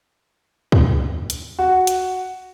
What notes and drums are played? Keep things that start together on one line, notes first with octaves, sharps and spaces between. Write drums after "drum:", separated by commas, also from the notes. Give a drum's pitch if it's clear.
drum: kick
drum: hi-hat
F#4
drum: hi-hat